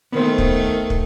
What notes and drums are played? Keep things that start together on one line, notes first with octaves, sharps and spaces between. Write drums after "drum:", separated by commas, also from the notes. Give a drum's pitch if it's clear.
D#3 A3 B3 C5
drum: kick
drum: kick